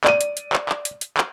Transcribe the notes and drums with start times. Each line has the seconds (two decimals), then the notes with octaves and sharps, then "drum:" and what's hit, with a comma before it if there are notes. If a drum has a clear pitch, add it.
0.04 D5 D#7, drum: clap
0.21 drum: hi-hat
0.37 drum: hi-hat
0.53 drum: clap
0.69 drum: clap
0.85 drum: hi-hat
1.01 drum: hi-hat
1.17 drum: clap